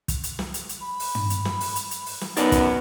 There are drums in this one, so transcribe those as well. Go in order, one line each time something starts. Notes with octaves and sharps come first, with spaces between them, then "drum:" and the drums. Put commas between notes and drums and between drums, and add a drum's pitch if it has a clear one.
drum: kick, hi-hat
drum: hi-hat
drum: snare
drum: hi-hat
drum: hi-hat
B5
drum: open hi-hat
drum: tom
drum: hi-hat
drum: snare
drum: open hi-hat
drum: hi-hat
drum: hi-hat
drum: open hi-hat
drum: snare
F#2 B3 D#4 D5 A5, drum: hi-hat
drum: kick, hi-hat